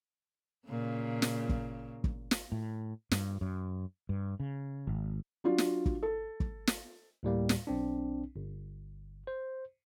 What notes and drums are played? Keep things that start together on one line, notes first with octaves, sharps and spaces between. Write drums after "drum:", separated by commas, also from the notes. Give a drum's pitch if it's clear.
A#2 C#3
drum: snare
drum: kick
drum: kick
drum: snare
A2
G2, drum: snare
F#2
G2
C#3
G#1
F#3 D4 F4
drum: snare
drum: kick
A4
drum: kick
drum: snare
D2 A2 G3 A#3
drum: snare
B1 C4 D4
G1
C5